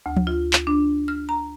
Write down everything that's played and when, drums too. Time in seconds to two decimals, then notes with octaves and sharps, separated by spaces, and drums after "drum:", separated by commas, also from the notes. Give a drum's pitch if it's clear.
0.06 D2
0.17 drum: tom F3
0.27 F4
0.53 drum: clap
0.67 D4
1.08 F6
1.29 A#5